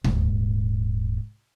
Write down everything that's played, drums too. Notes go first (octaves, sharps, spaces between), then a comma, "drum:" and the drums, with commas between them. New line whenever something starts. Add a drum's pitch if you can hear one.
D#1 G#2, drum: tom D2